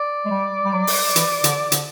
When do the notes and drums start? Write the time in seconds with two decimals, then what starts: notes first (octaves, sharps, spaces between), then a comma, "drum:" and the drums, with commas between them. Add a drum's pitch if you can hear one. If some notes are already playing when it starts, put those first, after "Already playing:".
Already playing: D5
0.25 G#3
0.31 G3
0.65 G3
0.73 F#3
0.87 drum: open hi-hat
1.16 E3, drum: hi-hat
1.44 D3, drum: hi-hat
1.72 D3, drum: hi-hat